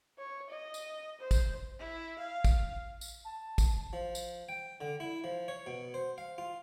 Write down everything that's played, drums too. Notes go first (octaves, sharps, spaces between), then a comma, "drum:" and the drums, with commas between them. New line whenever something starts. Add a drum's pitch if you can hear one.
C#5
D#5
drum: tambourine
C5
drum: kick, tambourine
E4
F5
drum: kick, tambourine
drum: tambourine
A5
drum: kick, tambourine
F3
drum: tambourine
G5
D3
E4
F3
C#5
B2
C5
F5
F4